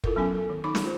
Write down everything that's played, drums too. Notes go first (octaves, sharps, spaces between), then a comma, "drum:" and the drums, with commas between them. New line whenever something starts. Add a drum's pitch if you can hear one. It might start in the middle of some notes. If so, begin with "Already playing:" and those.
E4 F4 A4 A#4, drum: kick
F#3 B3 C#4 A4 G#5
A4
D#3
D#3 D#4 B5 D6
drum: snare
F4 C5